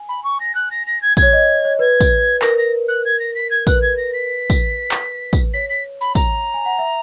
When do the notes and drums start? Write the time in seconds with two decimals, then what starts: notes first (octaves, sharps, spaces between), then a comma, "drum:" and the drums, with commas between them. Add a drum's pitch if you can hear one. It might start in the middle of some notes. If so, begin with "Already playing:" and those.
Already playing: G#5
0.09 B5
0.24 C#6
0.40 A#6
0.55 F#6
0.71 A#6
0.87 A#6
1.02 G#6
1.17 G#6, drum: kick, tambourine
1.22 C#5
1.33 D#5
1.65 C#5
1.79 B4 G#6
2.01 drum: kick, tambourine
2.42 A#4 A#6, drum: clap
2.58 A#6
2.88 F#6
3.05 G#6
3.19 A#6
3.35 B6
3.51 G#6
3.67 B4 F#6, drum: kick, tambourine
3.82 G#6
3.97 A#6
4.13 B6
4.50 drum: kick, tambourine
4.91 drum: clap
5.33 drum: kick, tambourine
5.53 C#5 B6
5.69 B6
6.01 B5
6.15 A#5, drum: kick, tambourine
6.54 G#5
6.66 F#5
6.79 E5